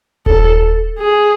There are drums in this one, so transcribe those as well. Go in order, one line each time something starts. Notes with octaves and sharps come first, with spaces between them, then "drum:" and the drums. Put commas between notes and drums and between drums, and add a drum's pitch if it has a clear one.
A4, drum: kick D#1
G#4